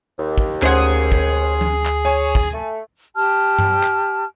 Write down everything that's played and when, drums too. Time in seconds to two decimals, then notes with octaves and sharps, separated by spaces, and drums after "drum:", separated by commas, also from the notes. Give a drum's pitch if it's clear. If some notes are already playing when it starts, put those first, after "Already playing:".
0.18 D#2
0.38 drum: kick
0.62 D2 C#4 G#4 C5 F#5, drum: clap
1.12 drum: kick
1.61 drum: tom F3
1.86 drum: clap
2.05 C#5 G#5
2.35 drum: kick
2.53 A3
3.15 G4 A5 F6
3.59 drum: tom G2
3.83 drum: clap